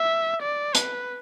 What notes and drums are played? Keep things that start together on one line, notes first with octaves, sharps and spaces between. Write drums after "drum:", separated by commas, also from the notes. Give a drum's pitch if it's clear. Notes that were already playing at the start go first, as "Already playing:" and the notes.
Already playing: E5
D5
B4, drum: hi-hat